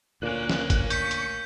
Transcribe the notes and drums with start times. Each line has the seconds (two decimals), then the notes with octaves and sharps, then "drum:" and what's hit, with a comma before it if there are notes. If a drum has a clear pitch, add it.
0.22 D2 A#2 A#3 C#4 F#6
0.49 drum: snare
0.70 drum: kick, hi-hat
0.90 C#6 G6 B6, drum: hi-hat
1.11 drum: hi-hat